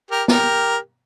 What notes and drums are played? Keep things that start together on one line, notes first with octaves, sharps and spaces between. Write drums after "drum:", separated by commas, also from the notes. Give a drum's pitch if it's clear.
G4 A#4
G4 A#4, drum: snare